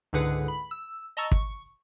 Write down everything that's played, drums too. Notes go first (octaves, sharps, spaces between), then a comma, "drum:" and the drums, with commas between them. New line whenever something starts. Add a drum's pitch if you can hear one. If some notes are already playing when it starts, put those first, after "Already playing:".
C#2 G#2 D3 G#4 B4 F#5
B5
E6
D#5 A5 A#5 C#6 E6 A6
C#6, drum: kick